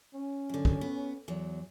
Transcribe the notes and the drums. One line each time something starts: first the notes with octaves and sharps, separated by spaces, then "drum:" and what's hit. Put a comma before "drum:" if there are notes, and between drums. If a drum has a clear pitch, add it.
C#4
F#2 D3
drum: kick
B3
E2 F#3